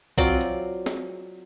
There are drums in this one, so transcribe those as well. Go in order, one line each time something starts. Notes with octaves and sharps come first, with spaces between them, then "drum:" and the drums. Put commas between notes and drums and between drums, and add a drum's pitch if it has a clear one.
F#3 C4 F4 D5, drum: kick B1
drum: hi-hat
drum: snare